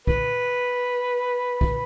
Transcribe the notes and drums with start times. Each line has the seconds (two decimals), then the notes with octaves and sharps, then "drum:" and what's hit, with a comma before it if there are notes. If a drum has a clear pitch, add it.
0.07 B4, drum: kick
1.61 drum: kick